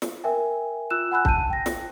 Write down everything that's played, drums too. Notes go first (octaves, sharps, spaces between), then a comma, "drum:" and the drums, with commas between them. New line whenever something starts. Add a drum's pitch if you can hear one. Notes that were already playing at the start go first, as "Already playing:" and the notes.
drum: snare
A#4 E5 G5 G#5
F4 E6 F#6 E7
F#5 G#5 B5 E6 F#6
A5 G6 D#7, drum: kick
G5 A#6
drum: snare